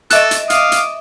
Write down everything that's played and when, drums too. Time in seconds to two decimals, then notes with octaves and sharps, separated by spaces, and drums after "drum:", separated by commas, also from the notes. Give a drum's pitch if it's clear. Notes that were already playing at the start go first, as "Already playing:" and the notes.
0.11 A4 D#5 E5 F#6 E7, drum: hi-hat
0.31 drum: hi-hat
0.50 F5 D6 D#6, drum: hi-hat
0.72 drum: hi-hat